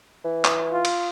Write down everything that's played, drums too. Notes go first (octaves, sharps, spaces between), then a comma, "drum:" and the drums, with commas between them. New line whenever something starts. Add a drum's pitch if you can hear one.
E3
drum: clap
F4
drum: cymbal